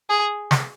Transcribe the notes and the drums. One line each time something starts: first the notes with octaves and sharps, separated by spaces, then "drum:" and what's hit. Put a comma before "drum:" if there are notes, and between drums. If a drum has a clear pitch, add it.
G#4
drum: snare